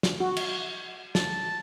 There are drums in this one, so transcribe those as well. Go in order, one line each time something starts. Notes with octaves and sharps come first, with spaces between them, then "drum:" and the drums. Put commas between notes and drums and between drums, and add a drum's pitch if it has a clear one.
drum: snare
F#4
drum: cymbal
A5, drum: snare